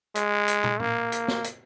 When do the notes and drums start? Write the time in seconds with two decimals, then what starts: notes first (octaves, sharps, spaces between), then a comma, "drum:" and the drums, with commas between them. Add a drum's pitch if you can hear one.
0.15 G#3, drum: hi-hat
0.48 drum: hi-hat
0.64 drum: tom
0.80 A#3, drum: tom A2
1.12 drum: hi-hat
1.28 drum: snare
1.44 drum: hi-hat